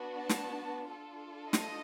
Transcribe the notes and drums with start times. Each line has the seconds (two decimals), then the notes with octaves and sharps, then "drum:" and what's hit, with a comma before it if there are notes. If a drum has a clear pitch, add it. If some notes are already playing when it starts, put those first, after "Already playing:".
Already playing: B3 D4 F#4
0.19 A5
0.29 drum: snare
0.85 D4 F4 A4
1.53 D#5, drum: snare